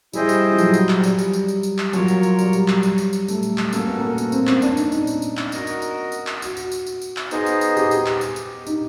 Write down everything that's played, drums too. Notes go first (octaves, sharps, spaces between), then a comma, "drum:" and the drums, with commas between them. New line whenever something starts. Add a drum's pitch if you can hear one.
G3 E4 G#4 C5 D#5 G5, drum: tambourine
drum: tambourine
F3
F#3, drum: tambourine
drum: tambourine
drum: clap
G3, drum: tambourine
drum: tambourine
drum: tambourine
drum: tambourine
drum: tambourine
drum: clap
F#3 F4 A#4 C#5, drum: tambourine
drum: tambourine
drum: tambourine
G3, drum: tambourine
drum: tambourine
drum: clap
drum: tambourine
drum: tambourine
drum: tambourine
A3, drum: tambourine
drum: tambourine
drum: clap
A#3 C#4 F#4 A4, drum: tambourine
B3
A#3
B3, drum: tambourine
C4, drum: tambourine
C#4, drum: clap
D4, drum: tambourine
D#4, drum: tambourine
D#4, drum: tambourine
drum: tambourine
drum: tambourine
drum: clap
F#4 A#4 D#5, drum: tambourine
drum: tambourine
drum: tambourine
drum: tambourine
drum: clap
F#4, drum: tambourine
drum: tambourine
drum: tambourine
drum: tambourine
drum: tambourine
drum: clap
B3 D#4 G#4 C5 D#5, drum: tambourine
drum: tambourine
drum: tambourine
G4, drum: tambourine
drum: tambourine
drum: clap
drum: tambourine
drum: tambourine
D#4, drum: tambourine